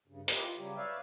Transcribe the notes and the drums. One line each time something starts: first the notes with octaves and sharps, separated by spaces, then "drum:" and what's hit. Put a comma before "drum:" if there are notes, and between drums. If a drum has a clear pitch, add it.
G2 C#3
E4 F4 G4 A#4 B4 D#5, drum: hi-hat
F4
C#3 F#3 G3 G4
B4 C#5 D5 E5 F5